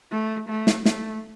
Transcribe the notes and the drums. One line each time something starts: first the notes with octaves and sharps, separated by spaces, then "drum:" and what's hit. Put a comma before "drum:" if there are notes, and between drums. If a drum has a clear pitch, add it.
A3
A3
drum: snare
A3, drum: snare